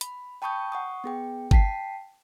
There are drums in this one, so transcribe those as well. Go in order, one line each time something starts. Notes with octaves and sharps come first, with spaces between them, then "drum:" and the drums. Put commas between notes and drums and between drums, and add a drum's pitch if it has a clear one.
B5, drum: hi-hat
G5 A5 B5 C#6 D#6 G6
F#5 C#6 D#6
B3 G#4 G5
G5 A5 B6 C7, drum: kick G1